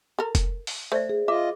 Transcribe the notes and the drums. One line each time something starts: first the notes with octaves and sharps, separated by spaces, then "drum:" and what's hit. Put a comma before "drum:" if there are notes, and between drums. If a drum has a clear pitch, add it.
A4 A#4
drum: kick F1, hi-hat
drum: open hi-hat
A3 C5 D5 E5
G#4
F4 D#5 E5 D6